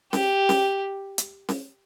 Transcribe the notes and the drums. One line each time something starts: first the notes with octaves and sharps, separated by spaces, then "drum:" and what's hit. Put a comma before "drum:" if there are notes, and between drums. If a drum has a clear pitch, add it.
G4, drum: snare C#4
drum: snare C#4
drum: hi-hat
drum: snare C#4